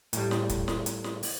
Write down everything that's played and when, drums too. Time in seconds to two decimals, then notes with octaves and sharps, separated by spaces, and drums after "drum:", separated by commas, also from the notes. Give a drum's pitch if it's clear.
0.13 A2 G3, drum: hi-hat
0.31 drum: snare
0.49 drum: kick, hi-hat
0.68 drum: snare
0.86 drum: hi-hat
1.04 drum: snare
1.23 drum: open hi-hat